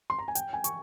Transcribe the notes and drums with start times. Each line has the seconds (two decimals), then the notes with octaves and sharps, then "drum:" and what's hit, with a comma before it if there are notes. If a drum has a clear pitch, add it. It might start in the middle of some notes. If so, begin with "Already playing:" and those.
0.10 C6
0.19 A#5
0.28 G#5
0.35 G5, drum: hi-hat
0.53 G#5
0.64 C#6, drum: hi-hat